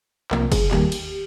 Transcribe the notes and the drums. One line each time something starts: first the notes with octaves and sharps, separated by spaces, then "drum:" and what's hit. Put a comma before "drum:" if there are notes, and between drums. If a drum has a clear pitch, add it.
C2 C3 F3 A#3 A#4, drum: clap
G#4, drum: kick, cymbal
D#2 D#3 G3 A#3 G4, drum: clap
drum: cymbal